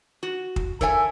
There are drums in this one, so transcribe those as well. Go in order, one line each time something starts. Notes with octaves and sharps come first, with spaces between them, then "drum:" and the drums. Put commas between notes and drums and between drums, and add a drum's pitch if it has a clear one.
F#4
drum: kick
A4 A#4 C#5 E5 G#5, drum: kick